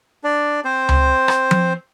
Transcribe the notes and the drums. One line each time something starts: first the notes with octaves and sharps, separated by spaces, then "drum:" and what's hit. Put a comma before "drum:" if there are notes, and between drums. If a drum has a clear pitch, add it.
D4 D5
C4 C5
drum: tom C#2
drum: rim click
drum: tom F3